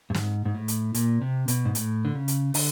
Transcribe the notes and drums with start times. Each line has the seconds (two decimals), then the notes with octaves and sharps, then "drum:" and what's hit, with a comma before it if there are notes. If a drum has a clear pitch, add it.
0.10 G2
0.15 G#2, drum: snare
0.45 G#2
0.55 A2
0.68 drum: hi-hat
0.94 A#2, drum: hi-hat
1.21 C3
1.48 B2, drum: hi-hat
1.65 G#2
1.75 A2, drum: hi-hat
2.05 D3
2.15 C#3
2.28 drum: hi-hat
2.54 D3, drum: open hi-hat